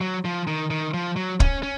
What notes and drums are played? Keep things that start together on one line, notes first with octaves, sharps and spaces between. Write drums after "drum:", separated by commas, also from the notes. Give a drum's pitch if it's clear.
F#3
F3
D#3
D#3
F3
F#3
C#4, drum: kick
C#4